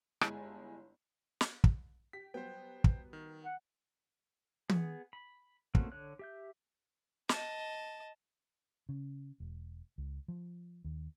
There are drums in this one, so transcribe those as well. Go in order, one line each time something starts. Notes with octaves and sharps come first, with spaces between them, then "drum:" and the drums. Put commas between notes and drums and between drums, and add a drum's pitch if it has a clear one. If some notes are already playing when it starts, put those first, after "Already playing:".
G1 G#3 E4 G#5 A5, drum: rim click
drum: snare
drum: kick
G4 B6
F#3 G3 B3 C5 G5
drum: kick
D#3
F#5
B3 G#4, drum: tom
B5
A3 A#3 C4 C#4 F#4, drum: kick
D3 C#5 F#6
G4 E5 G6
D#5 A5, drum: snare
C#3
E1
C#2
F3
D#2